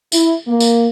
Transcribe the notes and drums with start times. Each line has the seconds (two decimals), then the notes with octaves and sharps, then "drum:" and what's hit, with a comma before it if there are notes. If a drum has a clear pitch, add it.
0.12 E4, drum: tambourine
0.47 A#3
0.60 drum: tambourine